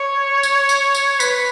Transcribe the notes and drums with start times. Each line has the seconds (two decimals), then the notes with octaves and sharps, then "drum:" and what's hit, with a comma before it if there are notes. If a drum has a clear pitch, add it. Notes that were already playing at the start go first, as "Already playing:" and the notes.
Already playing: C#5
0.43 drum: tambourine
0.69 drum: tambourine
0.95 drum: tambourine
1.20 B4, drum: tambourine